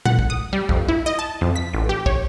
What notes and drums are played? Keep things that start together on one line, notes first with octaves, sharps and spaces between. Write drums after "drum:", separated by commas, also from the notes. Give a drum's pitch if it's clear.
F#5, drum: tom A#2
drum: kick
D#6
G3
F2, drum: kick
E4
D#5
A5
F2
B6
A1
G4
C#5, drum: kick